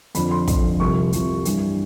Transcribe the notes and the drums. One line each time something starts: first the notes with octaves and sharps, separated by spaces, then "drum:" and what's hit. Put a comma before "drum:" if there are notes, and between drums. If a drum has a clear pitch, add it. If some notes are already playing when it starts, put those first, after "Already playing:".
F2 D3 F3 B5, drum: hi-hat
C6
F2 D3 F3, drum: kick, hi-hat
C2 C3 F3 C#6
C2 C3 F3, drum: hi-hat
G2 E3 G3, drum: hi-hat